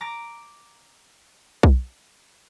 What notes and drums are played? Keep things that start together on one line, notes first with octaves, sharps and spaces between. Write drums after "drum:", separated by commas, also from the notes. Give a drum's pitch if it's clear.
A#5 D6 A#6
drum: kick B1